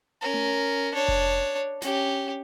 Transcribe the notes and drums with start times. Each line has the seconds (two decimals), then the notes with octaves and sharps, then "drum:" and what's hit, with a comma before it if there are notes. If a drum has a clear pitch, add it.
0.21 C#4 A#4
0.34 drum: tom A3
0.94 D4 C#5
1.08 drum: kick F1
1.82 C#4 G4, drum: snare